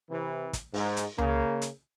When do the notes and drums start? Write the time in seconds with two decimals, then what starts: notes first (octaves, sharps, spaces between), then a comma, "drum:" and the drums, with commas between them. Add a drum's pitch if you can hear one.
0.10 C3 E3
0.53 drum: kick, hi-hat
0.74 G#2, drum: open hi-hat
0.97 drum: hi-hat
1.18 C#3 A#3, drum: tom C#2
1.62 drum: hi-hat